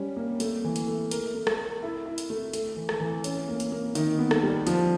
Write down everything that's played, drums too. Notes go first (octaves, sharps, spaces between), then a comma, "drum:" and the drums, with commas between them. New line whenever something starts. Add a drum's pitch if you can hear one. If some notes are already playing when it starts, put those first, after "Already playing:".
Already playing: G3 C#4
A#3
A3, drum: hi-hat
E3
drum: hi-hat
A3
A#4, drum: hi-hat
A3
drum: rim click
A#4
E4
E4
drum: hi-hat
A3
A3, drum: hi-hat
E3
drum: rim click
E3
C#4, drum: hi-hat
A#3
drum: hi-hat
A#3
D#3, drum: hi-hat
B3
drum: rim click
G3
F3, drum: hi-hat